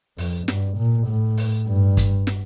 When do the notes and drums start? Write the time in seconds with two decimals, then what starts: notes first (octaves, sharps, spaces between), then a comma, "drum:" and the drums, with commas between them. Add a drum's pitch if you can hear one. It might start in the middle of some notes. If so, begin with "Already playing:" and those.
0.18 F2, drum: open hi-hat
0.48 G2, drum: snare
0.78 A#2
1.08 A2
1.37 drum: open hi-hat
1.67 G2
1.97 drum: kick, hi-hat
2.27 drum: snare